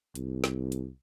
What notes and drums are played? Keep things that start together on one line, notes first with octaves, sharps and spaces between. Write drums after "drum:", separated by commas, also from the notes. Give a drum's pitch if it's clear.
C2, drum: hi-hat
drum: snare
drum: hi-hat